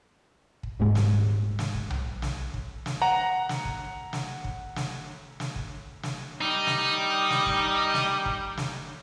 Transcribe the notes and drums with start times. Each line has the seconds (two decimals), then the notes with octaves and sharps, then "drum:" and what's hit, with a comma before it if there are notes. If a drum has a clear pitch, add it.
0.63 drum: kick
0.79 D#1 G#2 G#3
0.95 drum: snare
1.59 drum: snare
1.75 drum: kick
1.90 drum: tom B1
2.22 drum: snare
2.54 drum: kick
2.86 drum: snare
3.02 F#5 A#5
3.49 drum: snare
3.65 drum: kick
4.13 drum: snare
4.44 drum: kick
4.76 drum: snare
5.40 drum: snare
5.56 drum: kick
6.03 drum: snare
6.41 G3 D#4
6.67 drum: snare
7.30 drum: snare
7.46 drum: kick
7.94 drum: snare
8.26 drum: kick
8.57 drum: snare